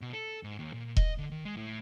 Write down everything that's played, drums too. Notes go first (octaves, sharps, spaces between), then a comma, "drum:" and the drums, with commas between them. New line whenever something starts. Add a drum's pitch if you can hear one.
B2
A4
G#2
D#2
A#2
D#5, drum: kick E1
D3
D#3
G#3
A2